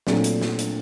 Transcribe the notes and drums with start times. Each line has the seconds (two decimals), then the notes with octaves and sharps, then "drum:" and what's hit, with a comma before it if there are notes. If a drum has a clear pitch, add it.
0.07 A#2 F#3 A3 C4 D4, drum: snare
0.24 drum: hi-hat
0.41 drum: snare
0.59 drum: hi-hat